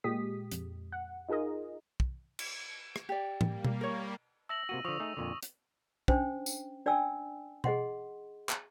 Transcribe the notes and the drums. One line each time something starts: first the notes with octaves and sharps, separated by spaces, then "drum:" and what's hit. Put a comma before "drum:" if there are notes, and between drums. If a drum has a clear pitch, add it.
A#2 G#3 G4 D#6 B6
F2, drum: hi-hat
F#5
D#4 F4 G#4 A#4 D#5
drum: kick
drum: cymbal
drum: rim click
G4 D5
G3 A#3, drum: tom A2
drum: tom B2
A#4 C#5
E5 A5 E6 A#6 F#7
C3 A#3 F#4 D#7
D3 F3 C#6 D#6 F7
A3 D#4 G#4
F2 A#2 D3
drum: hi-hat
C#4 D4 C5 G5, drum: kick
drum: tambourine
D4 D5 G5 G#5 E6
G#4 D#5 F#5 C6, drum: tom B2
drum: clap